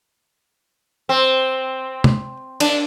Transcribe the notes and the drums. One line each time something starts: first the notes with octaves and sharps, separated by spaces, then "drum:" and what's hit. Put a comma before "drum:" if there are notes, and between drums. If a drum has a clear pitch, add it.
C4
drum: tom
D4, drum: cymbal